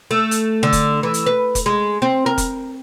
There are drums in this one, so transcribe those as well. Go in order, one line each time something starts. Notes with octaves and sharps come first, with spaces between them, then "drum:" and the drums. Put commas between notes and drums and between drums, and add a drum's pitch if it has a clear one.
A3
drum: hi-hat
D3
drum: kick F1, hi-hat
E3
drum: hi-hat
B4
drum: kick F1, hi-hat
G#3
C4
A#4
drum: kick F1, hi-hat